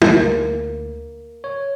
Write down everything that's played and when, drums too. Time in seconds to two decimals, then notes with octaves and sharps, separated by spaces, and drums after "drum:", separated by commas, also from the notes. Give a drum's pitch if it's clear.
0.02 D2 A#3, drum: tom
1.44 C#5